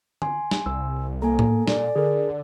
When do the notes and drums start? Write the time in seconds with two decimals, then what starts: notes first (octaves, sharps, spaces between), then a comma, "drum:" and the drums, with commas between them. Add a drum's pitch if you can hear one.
0.22 G#5 C6, drum: tom D3
0.51 drum: snare
0.66 C2 E6
1.22 A#3 A4 G#5 A#5
1.39 drum: tom A2
1.67 A#2 D5, drum: snare
1.96 D3 G#4 A#4